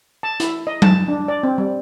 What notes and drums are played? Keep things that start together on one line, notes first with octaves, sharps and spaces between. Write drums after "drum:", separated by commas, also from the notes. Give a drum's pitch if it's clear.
A5
E4, drum: hi-hat
D#5
A5, drum: tom F#3
D4
D5
C4
G3